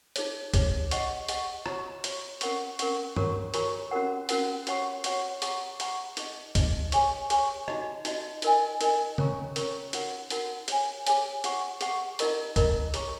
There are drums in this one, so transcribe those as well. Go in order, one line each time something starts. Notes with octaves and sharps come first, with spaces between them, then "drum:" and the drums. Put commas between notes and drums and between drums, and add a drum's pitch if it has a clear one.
D#4 G#4 C#5, drum: hi-hat
D#4 G#4 C#5, drum: kick, hi-hat
G#4 D#5 F#5 C#6, drum: hi-hat
G#4 D#5 F#5 C#6, drum: hi-hat
F#4 C#5 A#5 C#6, drum: rim click
F#4 C#5 A#5 C#6, drum: hi-hat
C#4 A#4 F#5 C#6, drum: hi-hat
C#4 A#4 F#5 C#6, drum: hi-hat
F#4 A#4 C#5 A#5 C#6, drum: tom
F#4 A#4 C#5 A#5 C#6, drum: hi-hat
C#4 F#4 A#4 F#5
C#4 F#4 A#4 F#5, drum: hi-hat
F#4 C#5 F#5 C#6, drum: hi-hat
F#4 C#5 F#5 C#6, drum: hi-hat
G#4 F#5 A#5 C#6, drum: hi-hat
G#4 F#5 A#5 C#6, drum: hi-hat
D#4 G#4 D#5, drum: hi-hat
D#4 G#4 D#5, drum: kick, hi-hat
G#4 C#5 G#5 C#6, drum: hi-hat
G#4 C#5 G#5 C#6, drum: hi-hat
D#4 F#4 D#5, drum: rim click
D#4 F#4 D#5, drum: hi-hat
D#4 A#4 D#5 G#5, drum: hi-hat
D#4 A#4 D#5 G#5, drum: hi-hat
C#4 A#4 C#5 A#5 C#6, drum: tom
C#4 A#4 C#5 A#5 C#6, drum: hi-hat
D#4 F#4 A#4 F#5, drum: hi-hat
D#4 F#4 A#4 F#5, drum: hi-hat
G#4 C#5 G#5, drum: hi-hat
G#4 C#5 G#5, drum: hi-hat
G#4 F#5 C#6, drum: hi-hat
G#4 F#5 C#6, drum: hi-hat
D#4 A#4 D#5 A#5, drum: hi-hat
D#4 A#4 D#5 A#5, drum: kick, hi-hat
G#4 C#5 A#5 C#6, drum: hi-hat